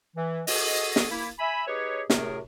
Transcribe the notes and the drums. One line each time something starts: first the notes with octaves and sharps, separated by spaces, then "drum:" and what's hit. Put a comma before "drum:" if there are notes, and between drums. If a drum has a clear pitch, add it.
E3
F#4 G#4 A4 D#5, drum: open hi-hat
drum: snare
A#3 E4
E5 G#5 B5
D#4 G4 G#4 B4 C#5
F#2 A2 C3 A3 G#4 A#4, drum: snare